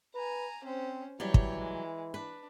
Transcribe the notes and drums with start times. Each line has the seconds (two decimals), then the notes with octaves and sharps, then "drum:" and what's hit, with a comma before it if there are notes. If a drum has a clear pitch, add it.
0.15 B4 G#5 A#5
0.64 C4 C#4 C5
1.20 E3 F#3 G3 G4 C#5
1.34 drum: kick
1.56 G#3
2.14 D4 B4